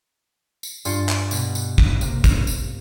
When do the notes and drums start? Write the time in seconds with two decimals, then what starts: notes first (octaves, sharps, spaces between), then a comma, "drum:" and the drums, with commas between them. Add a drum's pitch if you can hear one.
0.63 drum: tambourine
0.85 G2 F4 G#5 C6 A6 C#7, drum: tambourine
1.09 drum: clap
1.31 B2 B3 B4, drum: tambourine
1.55 drum: tambourine
1.78 drum: kick
2.01 C3 A#3, drum: tambourine
2.24 drum: kick, tambourine
2.47 drum: tambourine